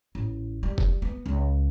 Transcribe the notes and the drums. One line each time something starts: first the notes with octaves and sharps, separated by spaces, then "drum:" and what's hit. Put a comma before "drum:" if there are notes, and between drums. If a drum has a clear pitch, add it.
A1
G3
drum: kick F1
B3
C#2